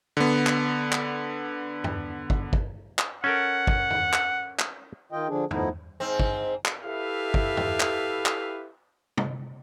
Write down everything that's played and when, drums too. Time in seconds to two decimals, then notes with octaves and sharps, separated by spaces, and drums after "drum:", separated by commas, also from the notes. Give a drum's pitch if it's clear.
0.17 D3 B3
0.47 drum: clap
0.92 drum: clap
1.84 drum: tom E2
2.30 drum: kick
2.53 drum: kick
2.99 drum: clap
3.24 C#4 A4 A#4 F#5
3.67 drum: kick
3.90 drum: tom E2
4.13 drum: clap
4.59 drum: clap
5.12 D#3 F4 D#5 G5
5.28 D3 F3 D4 G#4
5.51 F3 A3 B3 D#4 E4, drum: tom E2
6.00 G#2 C4
6.20 drum: kick
6.65 drum: clap
6.84 E4 G4 A4 B4 E5 F5
7.34 drum: kick
7.57 drum: tom E2
7.80 drum: clap
8.26 drum: clap
9.17 drum: tom